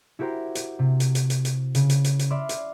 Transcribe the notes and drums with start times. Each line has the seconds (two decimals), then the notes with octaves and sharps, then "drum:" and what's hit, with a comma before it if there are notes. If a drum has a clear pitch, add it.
0.19 E4 F#4 G4 A#4 C5
0.55 drum: hi-hat
0.79 C3
1.00 drum: hi-hat
1.15 drum: hi-hat
1.30 drum: hi-hat
1.45 drum: hi-hat
1.75 C#3, drum: hi-hat
1.90 drum: hi-hat
2.04 drum: hi-hat
2.19 drum: hi-hat
2.30 D5 E5 B5 C6 F6
2.49 drum: hi-hat